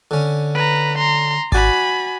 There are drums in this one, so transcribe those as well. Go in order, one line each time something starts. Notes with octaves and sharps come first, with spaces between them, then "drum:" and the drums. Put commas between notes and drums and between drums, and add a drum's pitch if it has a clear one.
D3 C#4
B4 A#5
A#5 C6
F#4 D5 G#5 B5, drum: kick G#1